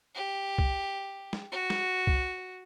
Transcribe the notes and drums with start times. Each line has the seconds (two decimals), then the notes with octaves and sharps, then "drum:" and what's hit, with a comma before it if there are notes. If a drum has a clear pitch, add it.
0.15 G4
0.58 drum: kick C2
1.33 drum: snare
1.52 F#4
1.70 drum: snare
2.07 drum: kick C2